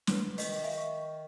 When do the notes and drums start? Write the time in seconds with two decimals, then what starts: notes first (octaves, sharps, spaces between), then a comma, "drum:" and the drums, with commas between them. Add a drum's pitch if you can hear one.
0.07 B4 C#5 F#5, drum: snare
0.38 D#3, drum: open hi-hat
0.63 E5 F5 G#5
0.78 C#6